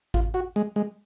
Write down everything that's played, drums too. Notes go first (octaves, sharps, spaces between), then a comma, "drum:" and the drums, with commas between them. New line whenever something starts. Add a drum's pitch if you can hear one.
F4, drum: kick G#1
F#4
G#3
G#3